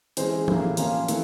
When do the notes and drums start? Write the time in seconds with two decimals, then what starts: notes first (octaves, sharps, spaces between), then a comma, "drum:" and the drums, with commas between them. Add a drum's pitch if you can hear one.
0.17 E3 G#3 C#4 C5, drum: hi-hat
0.48 A2 E3 G3 A#3, drum: tom F3
0.77 F3 A#3 C#4 F4, drum: hi-hat
1.08 E3 A3, drum: hi-hat